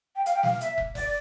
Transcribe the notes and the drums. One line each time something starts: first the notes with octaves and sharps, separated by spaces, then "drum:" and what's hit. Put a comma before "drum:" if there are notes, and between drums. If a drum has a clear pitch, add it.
G5
F5, drum: hi-hat
G5
F5, drum: snare
E5, drum: hi-hat
drum: kick
D5, drum: kick, open hi-hat